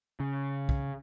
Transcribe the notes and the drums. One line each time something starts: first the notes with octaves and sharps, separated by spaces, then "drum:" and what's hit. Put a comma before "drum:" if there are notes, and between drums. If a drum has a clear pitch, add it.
C#3
drum: kick